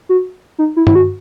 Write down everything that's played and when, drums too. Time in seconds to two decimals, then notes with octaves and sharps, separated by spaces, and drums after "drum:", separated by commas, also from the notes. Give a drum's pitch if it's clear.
0.09 F#4
0.59 D#4
0.76 E4
0.87 E4, drum: tom G2
0.95 F#4